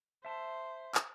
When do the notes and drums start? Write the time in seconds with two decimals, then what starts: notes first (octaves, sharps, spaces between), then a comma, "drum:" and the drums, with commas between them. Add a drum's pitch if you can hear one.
0.25 C5 E5 A5
0.95 drum: clap